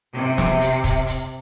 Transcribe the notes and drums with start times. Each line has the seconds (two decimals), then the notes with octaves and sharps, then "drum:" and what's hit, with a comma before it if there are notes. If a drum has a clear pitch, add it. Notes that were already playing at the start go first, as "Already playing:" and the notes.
0.15 C3
0.38 drum: snare
0.61 drum: hi-hat
0.84 drum: kick, hi-hat
1.07 drum: hi-hat